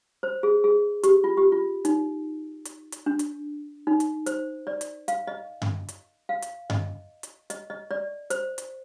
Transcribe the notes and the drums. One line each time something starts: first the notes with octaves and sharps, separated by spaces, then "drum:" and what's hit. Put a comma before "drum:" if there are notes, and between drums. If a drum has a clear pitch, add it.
C5
G#4
G#4
G4, drum: hi-hat
F4
G4
F4
D#4, drum: hi-hat
drum: hi-hat
drum: hi-hat
D4
drum: hi-hat
D#4
drum: hi-hat
C5, drum: hi-hat
D5
drum: hi-hat
F5, drum: hi-hat
D#5
drum: tom G2
drum: hi-hat
F5
drum: hi-hat
D#5, drum: tom G2
drum: hi-hat
D#5, drum: hi-hat
D#5
D5
C5, drum: hi-hat
drum: hi-hat